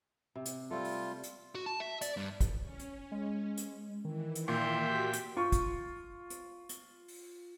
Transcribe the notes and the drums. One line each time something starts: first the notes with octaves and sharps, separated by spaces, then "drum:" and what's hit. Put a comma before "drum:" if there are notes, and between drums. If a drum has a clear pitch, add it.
C3
drum: hi-hat
G3 A3 C4 F4
drum: open hi-hat
drum: hi-hat
F#4
A5
E5
D5, drum: hi-hat
G2
drum: kick, hi-hat
C#4
drum: hi-hat
G#3
drum: hi-hat
D#3 E3
drum: hi-hat
A#2 E5 G5 C6
F#4 G4 B6
drum: hi-hat
F4 C#6
drum: kick, hi-hat
drum: hi-hat
drum: hi-hat
drum: open hi-hat